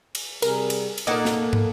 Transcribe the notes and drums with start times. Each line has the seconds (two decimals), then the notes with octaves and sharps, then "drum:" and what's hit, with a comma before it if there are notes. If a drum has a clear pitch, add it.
0.15 drum: cymbal
0.42 C3 G3 G#4 A#4, drum: cymbal
0.70 drum: cymbal
0.98 drum: cymbal
1.07 A#2 A#3 D#4 A4 A#4 D#5 F#5
1.25 drum: snare
1.53 drum: tom